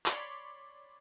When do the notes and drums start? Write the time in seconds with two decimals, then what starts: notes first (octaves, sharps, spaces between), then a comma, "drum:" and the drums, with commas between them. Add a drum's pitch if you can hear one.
0.06 C#5 D5 B5 C6, drum: clap